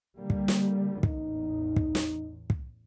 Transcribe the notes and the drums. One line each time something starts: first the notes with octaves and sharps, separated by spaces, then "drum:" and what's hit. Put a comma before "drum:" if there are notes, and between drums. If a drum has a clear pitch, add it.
D3 G3 A#3
drum: kick
drum: snare
A1 E2 D#4, drum: kick
drum: kick
drum: snare
drum: kick